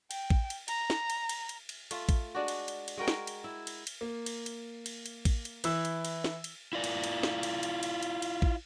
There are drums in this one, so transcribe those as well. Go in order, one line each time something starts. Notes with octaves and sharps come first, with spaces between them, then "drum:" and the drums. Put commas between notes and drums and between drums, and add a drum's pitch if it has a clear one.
G5, drum: cymbal
drum: kick A1
drum: cymbal
A#5, drum: cymbal
drum: snare
drum: cymbal
drum: cymbal
drum: cymbal
drum: cymbal
A3 F4, drum: cymbal
drum: kick A1, cymbal
G#3 D4 F#4
drum: cymbal
drum: cymbal
drum: cymbal
G#3 F#4 A#4 G5
drum: snare
drum: cymbal
E4
drum: cymbal
drum: cymbal
A#3
drum: cymbal
drum: cymbal
drum: cymbal
drum: cymbal
drum: kick A1, cymbal
drum: cymbal
E3 E4 E6, drum: cymbal
drum: cymbal
drum: cymbal
drum: snare
drum: cymbal
E4 F4 D5
drum: cymbal
drum: cymbal
drum: snare
drum: cymbal
drum: cymbal
drum: cymbal
drum: cymbal
drum: cymbal
drum: kick A1